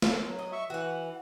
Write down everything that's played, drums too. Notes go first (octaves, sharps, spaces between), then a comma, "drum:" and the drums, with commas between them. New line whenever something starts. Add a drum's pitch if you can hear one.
drum: snare
F#3
D#5
E5 C#6
E3 F#4 F#5